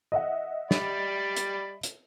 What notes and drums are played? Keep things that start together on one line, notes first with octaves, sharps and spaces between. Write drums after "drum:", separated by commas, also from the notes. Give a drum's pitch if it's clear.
D#5 E5 F#5
G3 D5 B5, drum: snare
drum: hi-hat
drum: hi-hat